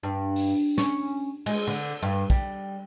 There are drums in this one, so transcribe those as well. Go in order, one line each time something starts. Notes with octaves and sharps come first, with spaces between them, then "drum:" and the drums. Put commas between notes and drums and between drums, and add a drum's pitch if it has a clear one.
G2
drum: open hi-hat
C#4, drum: snare
G#3, drum: cymbal
D3
G2
G3, drum: kick